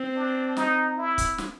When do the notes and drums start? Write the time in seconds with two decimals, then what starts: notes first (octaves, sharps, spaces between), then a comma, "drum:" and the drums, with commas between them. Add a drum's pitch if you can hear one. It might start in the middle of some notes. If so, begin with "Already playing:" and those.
Already playing: C4
0.15 D4
0.57 D#4, drum: snare
0.98 E4
1.18 drum: kick, hi-hat
1.38 drum: snare